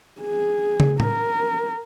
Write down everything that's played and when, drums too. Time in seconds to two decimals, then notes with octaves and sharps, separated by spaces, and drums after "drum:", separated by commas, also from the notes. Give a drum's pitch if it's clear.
0.21 G#4
0.80 drum: tom
1.00 A#4, drum: tom A2